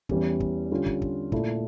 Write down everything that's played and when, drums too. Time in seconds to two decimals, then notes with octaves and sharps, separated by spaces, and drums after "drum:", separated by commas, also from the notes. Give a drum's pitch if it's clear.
0.09 E2 E3 G3 C#4, drum: kick
0.40 drum: kick
0.71 D3 G3 C#4 F4
0.86 drum: kick
1.02 drum: kick
1.32 A#2 A3 E4, drum: kick